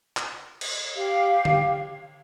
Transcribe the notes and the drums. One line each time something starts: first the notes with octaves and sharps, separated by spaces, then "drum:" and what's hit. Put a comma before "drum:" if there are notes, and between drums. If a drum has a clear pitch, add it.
drum: clap
drum: cymbal
G4 F5
drum: tom D3